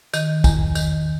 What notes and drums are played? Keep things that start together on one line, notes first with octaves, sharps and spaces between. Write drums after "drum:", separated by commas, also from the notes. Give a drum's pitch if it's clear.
D#3 D#5, drum: tambourine
E2, drum: kick, tambourine
D#3, drum: tambourine